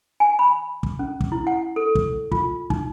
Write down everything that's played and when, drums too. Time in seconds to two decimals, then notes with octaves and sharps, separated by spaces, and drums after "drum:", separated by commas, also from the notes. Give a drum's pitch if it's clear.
0.20 G#5
0.39 B5
0.83 drum: kick
0.99 C#4
1.21 drum: kick
1.32 E4
1.47 F#5
1.76 A4
1.95 drum: kick
2.32 F4, drum: kick
2.70 D#4, drum: kick